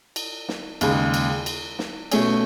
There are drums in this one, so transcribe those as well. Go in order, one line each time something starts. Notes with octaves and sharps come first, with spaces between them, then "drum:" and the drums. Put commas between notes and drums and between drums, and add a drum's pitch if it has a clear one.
drum: cymbal
drum: snare
D#2 C#3 G#3, drum: cymbal
drum: cymbal
drum: cymbal
drum: snare
B2 A3 C#4 G#4, drum: cymbal